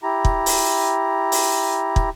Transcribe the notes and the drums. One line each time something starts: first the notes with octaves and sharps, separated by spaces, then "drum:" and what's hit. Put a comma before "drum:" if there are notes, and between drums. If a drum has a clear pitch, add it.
E4 G4 A#5
drum: kick
drum: open hi-hat
drum: open hi-hat
drum: kick